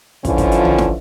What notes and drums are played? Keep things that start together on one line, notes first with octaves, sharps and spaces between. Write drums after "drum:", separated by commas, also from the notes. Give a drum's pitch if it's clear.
D3 E3 F3 C#4 E4 F4, drum: kick, hi-hat
drum: kick, hi-hat
drum: hi-hat
drum: tom
drum: snare